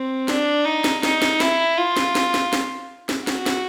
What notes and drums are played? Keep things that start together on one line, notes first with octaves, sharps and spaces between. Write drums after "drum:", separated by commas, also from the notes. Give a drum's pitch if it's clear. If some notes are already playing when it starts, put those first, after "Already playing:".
Already playing: C4
D4, drum: snare
D#4
drum: snare
D#4, drum: snare
drum: snare
E4, drum: snare
F4
drum: snare
drum: snare
drum: snare
drum: snare
drum: snare
F#4, drum: snare
drum: snare